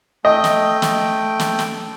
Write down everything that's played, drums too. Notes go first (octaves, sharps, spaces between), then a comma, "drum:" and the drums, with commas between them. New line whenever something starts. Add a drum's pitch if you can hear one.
A3 D#5 G5
drum: snare
drum: snare
drum: snare
drum: snare